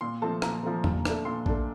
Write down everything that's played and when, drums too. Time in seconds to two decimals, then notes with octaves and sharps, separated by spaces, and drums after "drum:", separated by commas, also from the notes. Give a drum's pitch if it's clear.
0.01 A#2 C6
0.22 F3 A3 C4 A5
0.42 A#2 A#5, drum: rim click
0.63 F3 A3 C4
0.84 A#2, drum: tom E2
1.05 A3 D4, drum: rim click
1.25 A#2 C6
1.46 A3 D4, drum: kick A#1